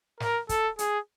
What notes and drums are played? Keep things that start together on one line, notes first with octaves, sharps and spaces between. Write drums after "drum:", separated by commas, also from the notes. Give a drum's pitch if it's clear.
A#4, drum: snare
A4, drum: kick, hi-hat
G#4, drum: hi-hat